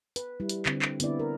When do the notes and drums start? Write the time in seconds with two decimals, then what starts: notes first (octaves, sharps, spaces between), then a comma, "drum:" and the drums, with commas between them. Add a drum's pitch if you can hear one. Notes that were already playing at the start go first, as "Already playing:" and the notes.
0.16 B4, drum: hi-hat
0.40 G3 E4
0.49 drum: hi-hat
0.66 D3 C4, drum: clap
0.82 drum: clap
1.00 D3 B3 C4 E4 D5, drum: hi-hat
1.19 A#4